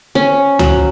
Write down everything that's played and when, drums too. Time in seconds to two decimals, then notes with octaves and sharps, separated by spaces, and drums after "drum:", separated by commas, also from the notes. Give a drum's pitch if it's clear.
0.15 C#4
0.59 F#3, drum: tom